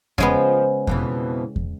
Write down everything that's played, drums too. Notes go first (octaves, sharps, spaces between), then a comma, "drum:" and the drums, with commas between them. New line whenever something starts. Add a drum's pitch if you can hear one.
C#3 F3 G#3 B3, drum: kick E2
F2 B2 E3, drum: kick E2
drum: kick E2